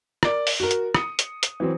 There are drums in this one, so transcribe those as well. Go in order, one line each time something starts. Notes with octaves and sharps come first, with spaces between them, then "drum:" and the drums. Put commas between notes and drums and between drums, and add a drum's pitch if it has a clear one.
A#4 D5, drum: rim click
drum: open hi-hat
F#4 A#4
drum: hi-hat
D#6 C#7, drum: rim click
drum: hi-hat
drum: hi-hat
E3 F#3 C4